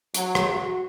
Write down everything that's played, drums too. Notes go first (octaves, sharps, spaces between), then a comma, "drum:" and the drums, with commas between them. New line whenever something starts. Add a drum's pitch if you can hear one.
F#3, drum: hi-hat
drum: rim click
F#4